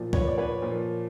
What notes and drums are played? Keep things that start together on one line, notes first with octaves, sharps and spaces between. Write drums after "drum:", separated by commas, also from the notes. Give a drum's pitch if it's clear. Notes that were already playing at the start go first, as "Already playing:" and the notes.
Already playing: A#2 F3
B4 C#5, drum: kick
D5
B4 C#5
A#2 F3